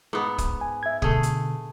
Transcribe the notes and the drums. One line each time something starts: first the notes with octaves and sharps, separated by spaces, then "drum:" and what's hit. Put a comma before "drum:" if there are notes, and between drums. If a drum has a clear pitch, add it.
G#2 B3
drum: kick, hi-hat
G#5
E5 G#6
B2 D3 A3 G#4, drum: kick
drum: hi-hat